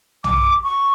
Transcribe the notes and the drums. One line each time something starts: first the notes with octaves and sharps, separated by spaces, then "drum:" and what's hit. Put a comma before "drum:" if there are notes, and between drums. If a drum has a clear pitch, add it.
D6, drum: tom B1
C#6